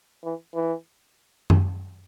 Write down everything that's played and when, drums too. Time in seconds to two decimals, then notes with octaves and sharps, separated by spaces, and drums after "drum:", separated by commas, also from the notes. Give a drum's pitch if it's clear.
0.24 E3
0.55 E3
1.50 drum: tom F#2